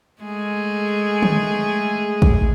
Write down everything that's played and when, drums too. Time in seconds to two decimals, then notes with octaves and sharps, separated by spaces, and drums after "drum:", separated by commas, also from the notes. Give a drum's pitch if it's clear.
0.22 G#3 A3 G#4
1.22 drum: tom
2.22 drum: kick A1